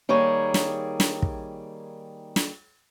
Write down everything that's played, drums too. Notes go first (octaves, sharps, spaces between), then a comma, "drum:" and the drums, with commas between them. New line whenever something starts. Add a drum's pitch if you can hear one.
D#3 G3 A#3 G#4 C#5
drum: snare
drum: snare
drum: kick
drum: snare